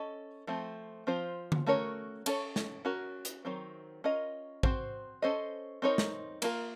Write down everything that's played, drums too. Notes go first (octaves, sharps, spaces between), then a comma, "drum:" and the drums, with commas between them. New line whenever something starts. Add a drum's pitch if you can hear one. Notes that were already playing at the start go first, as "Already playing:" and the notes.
Already playing: C#4 A4 D#5
F3 A3 C4
F3 C4 F4 C5
drum: tom D3
A3 C#4 F#4 A#4 C#5
C#4 A4 C#5, drum: cymbal
drum: snare
C#4 F#4 A#4
drum: hi-hat
D#3 F#3 C4
C#4 F4 A#4 D#5
C4 F#4 C5, drum: kick
C#4 A4 C5 D#5
C4 D#4 A#4 C#5
drum: snare
A#3 F4 A#4, drum: cymbal